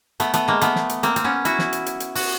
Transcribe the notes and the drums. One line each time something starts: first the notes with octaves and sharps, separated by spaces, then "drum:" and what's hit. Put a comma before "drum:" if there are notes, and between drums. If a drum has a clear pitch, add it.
A3 B3, drum: hi-hat
A3 B3, drum: hi-hat
G#3 A#3
A3 B3, drum: hi-hat
drum: snare
drum: hi-hat
A#3 C4, drum: hi-hat
C4, drum: hi-hat
B3 C#4
E4 F#4, drum: hi-hat
drum: snare
drum: hi-hat
drum: hi-hat
drum: hi-hat
F#4, drum: open hi-hat